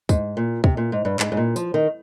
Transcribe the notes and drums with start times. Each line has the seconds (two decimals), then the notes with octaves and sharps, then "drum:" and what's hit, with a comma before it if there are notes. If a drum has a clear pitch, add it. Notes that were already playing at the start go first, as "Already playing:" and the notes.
0.09 G#2, drum: kick, tambourine
0.37 A#2
0.64 C3, drum: kick
0.77 A#2
0.92 G#2
1.05 G2
1.19 G#2, drum: clap
1.32 G#2
1.37 A#2
1.56 F3, drum: tambourine
1.74 D#3